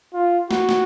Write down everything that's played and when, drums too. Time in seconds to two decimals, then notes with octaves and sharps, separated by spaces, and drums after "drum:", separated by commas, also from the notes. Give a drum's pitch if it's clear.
0.14 F4
0.51 F#4, drum: snare
0.69 drum: snare